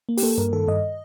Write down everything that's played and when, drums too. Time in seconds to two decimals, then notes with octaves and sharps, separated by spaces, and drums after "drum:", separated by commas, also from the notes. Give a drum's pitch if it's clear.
0.09 A#3
0.17 G4, drum: open hi-hat
0.23 A#3 A4
0.38 G2 A#4
0.53 D#3 A4
0.68 G2 D#5